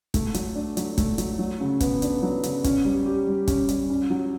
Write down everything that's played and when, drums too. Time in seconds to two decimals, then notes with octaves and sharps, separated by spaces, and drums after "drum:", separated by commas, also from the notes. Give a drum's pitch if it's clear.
0.14 A3, drum: kick, hi-hat
0.34 F#3, drum: hi-hat
0.56 D4
0.77 F#3, drum: hi-hat
0.98 A3, drum: kick, hi-hat
1.18 F#3, drum: hi-hat
1.39 F#3
1.60 C#3
1.80 B3, drum: kick, hi-hat
2.02 D4, drum: hi-hat
2.23 F#3
2.43 C#3, drum: hi-hat
2.64 C#4, drum: kick, hi-hat
2.85 G3
3.06 G4
3.27 G3
3.48 C#4, drum: kick, hi-hat
3.69 G3, drum: hi-hat
3.90 C#4
4.10 F#3